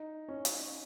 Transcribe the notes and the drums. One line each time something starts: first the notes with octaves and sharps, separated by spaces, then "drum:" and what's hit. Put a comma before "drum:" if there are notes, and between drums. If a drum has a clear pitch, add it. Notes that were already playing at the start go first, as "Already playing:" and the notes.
Already playing: D#4
C#4
drum: hi-hat